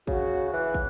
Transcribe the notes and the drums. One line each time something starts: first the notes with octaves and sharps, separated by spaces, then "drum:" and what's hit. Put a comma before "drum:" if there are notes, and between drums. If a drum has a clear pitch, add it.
C#3 F#4, drum: kick
E3 F#6
drum: kick